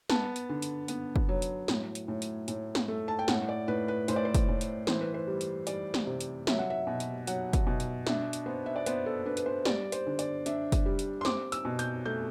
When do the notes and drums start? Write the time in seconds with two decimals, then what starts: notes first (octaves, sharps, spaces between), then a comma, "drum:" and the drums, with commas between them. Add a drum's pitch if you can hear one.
0.10 B3 A5, drum: snare
0.36 drum: hi-hat
0.49 D3
0.62 drum: hi-hat
0.88 B3, drum: hi-hat
1.16 drum: kick
1.29 F#3
1.42 drum: hi-hat
1.68 A2, drum: snare
1.95 drum: hi-hat
2.08 A2
2.22 drum: hi-hat
2.48 A2, drum: hi-hat
2.75 drum: snare
2.88 A3
3.08 A5
3.19 G5
3.28 A2 F#5, drum: snare
3.49 D5
3.68 A2 B4
3.88 B4
4.08 A2 C5, drum: hi-hat
4.16 D5
4.25 C5
4.34 drum: kick, hi-hat
4.48 A2
4.61 drum: hi-hat
4.87 E3 C5, drum: snare
5.01 B4
5.14 C5
5.27 G3
5.41 drum: hi-hat
5.67 G3 D5, drum: hi-hat
5.94 drum: snare
6.07 C3
6.21 drum: hi-hat
6.47 F#3 E5, drum: snare
6.59 F#5
6.70 E5
6.87 B2
7.00 drum: hi-hat
7.27 F#3 F#5, drum: hi-hat
7.53 drum: kick, hi-hat
7.67 B2
7.80 drum: hi-hat
8.07 D4 E5, drum: snare
8.33 drum: hi-hat
8.46 B3 C5
8.66 E5
8.76 D5
8.86 B3 C5, drum: hi-hat
9.06 A4
9.26 D4 B4
9.37 B4, drum: hi-hat
9.46 C5
9.65 G3 D5, drum: snare
9.92 C5, drum: hi-hat
10.06 D3
10.19 D5, drum: hi-hat
10.46 D4 E5, drum: hi-hat
10.72 drum: kick, hi-hat
10.86 G3
10.99 drum: hi-hat
11.21 C6
11.25 C4 D6, drum: snare
11.52 E6, drum: hi-hat
11.65 B2
11.79 G6, drum: hi-hat
12.05 A3 G6